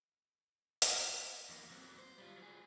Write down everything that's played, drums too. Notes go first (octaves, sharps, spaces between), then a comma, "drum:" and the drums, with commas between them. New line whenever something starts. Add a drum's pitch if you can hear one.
drum: hi-hat
E2 A#3
F#3 C4
C5
G3 F4
F#3 G#4